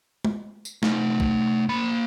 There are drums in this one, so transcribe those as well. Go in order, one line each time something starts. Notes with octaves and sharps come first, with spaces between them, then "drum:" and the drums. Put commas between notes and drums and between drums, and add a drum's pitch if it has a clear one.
drum: tom G#3
drum: tambourine
A3 D#4, drum: snare
drum: kick
A#3 B5